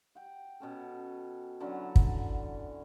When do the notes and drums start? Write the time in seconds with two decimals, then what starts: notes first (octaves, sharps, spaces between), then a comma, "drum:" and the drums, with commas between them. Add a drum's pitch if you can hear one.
0.15 F#5 G5
0.60 B2 C#4 A4
1.60 D3 E3 F#3 C#4
1.96 drum: kick